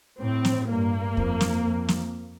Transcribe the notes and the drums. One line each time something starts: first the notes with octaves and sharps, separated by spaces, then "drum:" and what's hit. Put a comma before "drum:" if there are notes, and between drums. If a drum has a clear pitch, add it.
A2 C4
drum: snare
G2 A#3
F2, drum: kick
drum: snare
F2
drum: snare